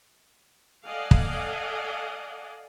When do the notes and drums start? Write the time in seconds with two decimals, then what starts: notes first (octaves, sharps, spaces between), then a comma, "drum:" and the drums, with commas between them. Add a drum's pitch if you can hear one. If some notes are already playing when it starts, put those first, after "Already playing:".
0.85 A4 D5 D#5 F5 F#5 G#5
1.11 drum: kick